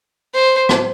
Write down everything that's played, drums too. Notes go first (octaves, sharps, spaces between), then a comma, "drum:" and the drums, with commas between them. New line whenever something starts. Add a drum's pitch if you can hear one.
C5
drum: rim click